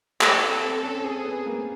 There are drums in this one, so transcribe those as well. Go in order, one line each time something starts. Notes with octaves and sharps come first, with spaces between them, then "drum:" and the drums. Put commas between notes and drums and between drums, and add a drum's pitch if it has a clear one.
A#3 A4, drum: clap
C4
C4 A4
C#4
C4 G#4
B3
A#3